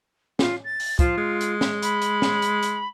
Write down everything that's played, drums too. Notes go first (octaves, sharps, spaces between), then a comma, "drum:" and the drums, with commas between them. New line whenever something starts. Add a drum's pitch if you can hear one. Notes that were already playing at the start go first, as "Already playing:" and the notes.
F4, drum: snare
A6
drum: open hi-hat
F3 F4, drum: kick, hi-hat
G#3
drum: hi-hat
drum: snare
B5, drum: hi-hat
drum: hi-hat
drum: snare
drum: hi-hat
drum: hi-hat